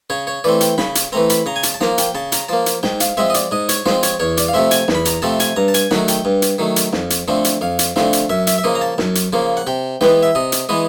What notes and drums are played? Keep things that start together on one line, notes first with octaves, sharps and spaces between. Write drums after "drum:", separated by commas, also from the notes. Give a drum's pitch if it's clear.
C#3 C#5
C#5
E3 A3 C4 D5
G5, drum: hi-hat
C#3 B5, drum: snare
drum: hi-hat
E3 A3 C4 A#5
B5, drum: hi-hat
C#3 A#5
G#5
A5, drum: hi-hat
A5
F3 A#3 A#5, drum: snare
G5, drum: hi-hat
C#3 A5
A#5, drum: hi-hat
F3 A#3 A5
drum: hi-hat
G#2 G5, drum: snare
F5, drum: hi-hat
F3 G#3 C4 E5
D#5
D5, drum: hi-hat
G#2 D#5
C#5, drum: hi-hat
F3 G#3 C4 C5, drum: snare
C#5, drum: hi-hat
E2 C#5
D5, drum: hi-hat
F5
C3 F3 A3 C4 E5
G#5, drum: hi-hat
E2, drum: snare
B5
A#5, drum: hi-hat
C3 F3 A3 C4 A5
G#5, drum: hi-hat
G2 A#5
A5
G#5, drum: hi-hat
D#3 F#3 A3 F#5, drum: snare
G5, drum: hi-hat
G2
drum: hi-hat
D#3 F#3 A3
drum: hi-hat
F2, drum: snare
drum: hi-hat
D3 F3 A3 C4
drum: hi-hat
F2 F5
drum: hi-hat
D3 F3 A3 C4 F5, drum: snare
drum: hi-hat
F#2 E5
E5, drum: hi-hat
E5
C#3 F3 A#3 D#5
A#5
A5
F#2, drum: snare
drum: hi-hat
C#3 F3 A#3
F#5
C3 G5
E3 G#3 B3 G5, drum: snare
E5
C3 D#5
drum: hi-hat
E3 G#3 B3 D#5